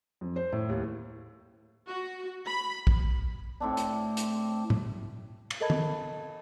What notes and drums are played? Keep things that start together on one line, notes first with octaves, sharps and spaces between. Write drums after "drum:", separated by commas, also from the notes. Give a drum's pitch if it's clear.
F2
C5
A2
D#2
F#4
B5
drum: kick A#1
A2 C4 D4
drum: hi-hat
drum: hi-hat
drum: tom A2
drum: cymbal
A4 A#4 D#5 A5 B5 G#6
drum: tom